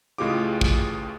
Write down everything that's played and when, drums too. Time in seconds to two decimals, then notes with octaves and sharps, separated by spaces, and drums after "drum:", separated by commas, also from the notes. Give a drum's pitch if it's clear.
0.18 C#2 A2 G#3 F4 G4 D6
0.61 drum: kick